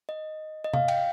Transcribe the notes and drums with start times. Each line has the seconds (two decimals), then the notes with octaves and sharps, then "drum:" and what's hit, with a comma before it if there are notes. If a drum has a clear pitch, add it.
0.09 D#5
0.64 D#5
0.74 F5, drum: tom C3
0.88 G5, drum: cymbal